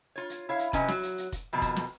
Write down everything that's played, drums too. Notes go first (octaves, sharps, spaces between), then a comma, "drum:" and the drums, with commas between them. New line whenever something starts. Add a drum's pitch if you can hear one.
F4 C#5
drum: hi-hat
E4 C#5 F5
drum: hi-hat
C3 F#3 C#4 B4 D#5, drum: kick F1, hi-hat
F#3 F#4, drum: snare
drum: hi-hat
drum: hi-hat
drum: kick F1, hi-hat
F2 B2 D#3 F3
drum: kick F1, hi-hat
drum: snare